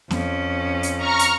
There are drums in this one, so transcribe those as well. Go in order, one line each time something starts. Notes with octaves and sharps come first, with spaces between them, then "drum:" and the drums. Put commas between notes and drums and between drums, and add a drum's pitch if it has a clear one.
F2 C#4, drum: snare B3
drum: hi-hat
A#5 C#6 F6
drum: hi-hat